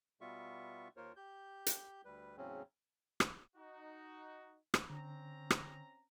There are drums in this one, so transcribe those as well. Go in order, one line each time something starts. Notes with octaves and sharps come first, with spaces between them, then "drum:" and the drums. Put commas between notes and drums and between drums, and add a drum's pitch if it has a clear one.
B2 G3 B3 F4 E5 C#6
D#2 A#3 F4 A#4 C5 C#5
G4 G6
drum: hi-hat
D2 G3 B4
E2 A2 C#3 F#3 C4 C#4
drum: rim click
D#4 F#4
drum: rim click
D3 C4 C#4 A#5
drum: rim click